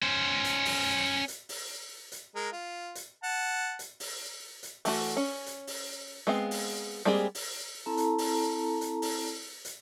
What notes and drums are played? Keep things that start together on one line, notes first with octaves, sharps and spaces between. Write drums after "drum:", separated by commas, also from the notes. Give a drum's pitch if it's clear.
C#4 C5
drum: hi-hat
drum: open hi-hat
drum: hi-hat
drum: open hi-hat
drum: hi-hat
G#3 A#4
F4
drum: hi-hat
F#5 A5
drum: hi-hat
drum: open hi-hat
drum: hi-hat
E3 A3 F#4, drum: open hi-hat
C#4
drum: hi-hat
drum: open hi-hat
G#3 B3 C4 F5
drum: open hi-hat
G3 G#3 A#3 C4 G#4
drum: open hi-hat
C4 E4 A4 A5 A#5
drum: hi-hat
drum: open hi-hat
drum: hi-hat
drum: open hi-hat
drum: hi-hat